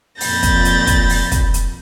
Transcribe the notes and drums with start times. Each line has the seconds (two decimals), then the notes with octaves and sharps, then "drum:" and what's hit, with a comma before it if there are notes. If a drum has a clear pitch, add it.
0.20 F2 A#2 B5 G6 A6 A#6, drum: open hi-hat
0.43 drum: kick, hi-hat
0.65 drum: hi-hat
0.87 drum: kick, hi-hat
1.09 drum: open hi-hat
1.32 drum: kick, hi-hat
1.54 drum: hi-hat